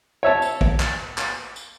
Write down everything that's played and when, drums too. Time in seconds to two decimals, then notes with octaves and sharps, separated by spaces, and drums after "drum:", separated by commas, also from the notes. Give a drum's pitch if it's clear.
0.23 C#5 E5 A5
0.42 drum: tambourine
0.61 drum: kick
0.80 drum: clap
1.18 drum: clap
1.56 drum: tambourine